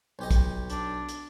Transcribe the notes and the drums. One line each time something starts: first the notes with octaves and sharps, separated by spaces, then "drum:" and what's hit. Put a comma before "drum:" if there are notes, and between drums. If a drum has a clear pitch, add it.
B1 G4 D#5
drum: kick, hi-hat
D4, drum: hi-hat
drum: hi-hat